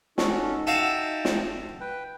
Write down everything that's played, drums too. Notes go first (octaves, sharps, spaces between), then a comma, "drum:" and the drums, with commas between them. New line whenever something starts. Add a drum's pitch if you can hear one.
C#4 D#4 F#4 A4, drum: snare
F#4 E5 F5 G5 A5
drum: snare
B4 G5